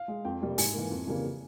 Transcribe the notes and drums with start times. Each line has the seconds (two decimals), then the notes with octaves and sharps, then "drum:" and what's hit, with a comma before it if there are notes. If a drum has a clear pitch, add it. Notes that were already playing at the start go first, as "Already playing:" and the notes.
Already playing: F5
0.08 G#3
0.25 F2 G5
0.41 C3 G3 A#3
0.58 G#2 G#5, drum: open hi-hat
0.74 E3 A#3
0.90 F2
1.07 C#3 E3 G3 A#3